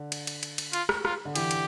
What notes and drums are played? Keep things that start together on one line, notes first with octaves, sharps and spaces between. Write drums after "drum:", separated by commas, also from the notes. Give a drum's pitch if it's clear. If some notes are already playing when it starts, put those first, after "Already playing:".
Already playing: D3
drum: cymbal
drum: cymbal
drum: cymbal
drum: cymbal
F4, drum: cymbal
drum: rim click
F4, drum: rim click
D3
E3 G4, drum: cymbal
drum: cymbal